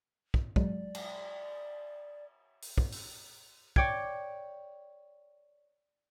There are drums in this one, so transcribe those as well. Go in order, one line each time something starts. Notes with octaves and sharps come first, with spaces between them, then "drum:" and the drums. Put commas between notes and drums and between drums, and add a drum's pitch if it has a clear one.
drum: kick
F#3 G#3 D5, drum: kick
drum: cymbal
drum: open hi-hat
drum: kick
drum: open hi-hat
C#5 D5 G5 G#6, drum: kick